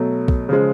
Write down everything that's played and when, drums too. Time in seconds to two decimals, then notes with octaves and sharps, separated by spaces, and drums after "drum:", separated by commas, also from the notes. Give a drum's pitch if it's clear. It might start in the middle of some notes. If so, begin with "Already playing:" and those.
Already playing: B2 F#3 A3
0.28 drum: kick B1
0.49 C#3 F3 G#3